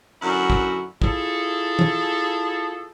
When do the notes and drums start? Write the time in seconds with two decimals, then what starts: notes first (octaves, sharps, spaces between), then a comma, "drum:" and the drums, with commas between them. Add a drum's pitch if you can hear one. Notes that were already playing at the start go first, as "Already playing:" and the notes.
0.21 F#2 D3 E4 F#4 A#4
0.50 drum: kick
1.02 E4 F4 G#4 A4, drum: kick
1.79 drum: tom